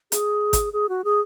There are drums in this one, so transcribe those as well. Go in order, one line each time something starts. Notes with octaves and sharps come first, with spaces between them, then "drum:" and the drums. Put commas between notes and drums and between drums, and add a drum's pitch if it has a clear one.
G#4, drum: hi-hat
drum: kick, hi-hat
G#4
F#4
G#4